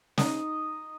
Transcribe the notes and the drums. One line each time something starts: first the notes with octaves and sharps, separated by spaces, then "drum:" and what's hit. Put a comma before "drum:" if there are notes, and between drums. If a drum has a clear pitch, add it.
D#4 D#5, drum: snare